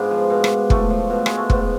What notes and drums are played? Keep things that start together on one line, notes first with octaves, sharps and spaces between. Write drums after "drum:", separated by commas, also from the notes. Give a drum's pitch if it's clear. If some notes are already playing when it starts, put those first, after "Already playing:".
Already playing: G#2 B3 D4 F4 G#4
F3
B2
drum: rim click
A2 A3, drum: kick
F3
B2
G#3, drum: rim click
A3
G#2 B3, drum: kick